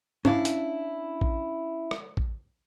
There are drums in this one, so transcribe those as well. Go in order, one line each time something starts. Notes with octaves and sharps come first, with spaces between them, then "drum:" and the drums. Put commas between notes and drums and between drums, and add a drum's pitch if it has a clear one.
C#4 D4 E4 F5, drum: tom
drum: hi-hat
drum: kick A1
drum: rim click
drum: kick A1